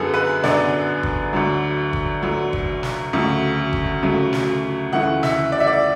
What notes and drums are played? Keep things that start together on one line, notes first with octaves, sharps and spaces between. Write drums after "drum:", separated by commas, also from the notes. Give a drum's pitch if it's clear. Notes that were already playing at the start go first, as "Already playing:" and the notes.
Already playing: F#2 D3 F#3 B3 G#4 A4
B4
F#2 D3 F#3 B3 D5, drum: snare
drum: kick G1
D2 D3 F#3
drum: kick G1
D2 D3 F#3
drum: kick G1
drum: snare
D2 C#3 F#3 A3
drum: kick G1
D2 C#3 F#3 A3
drum: snare
D2 C#3 E3 A3 F#5
E5, drum: snare
D5
E5
D5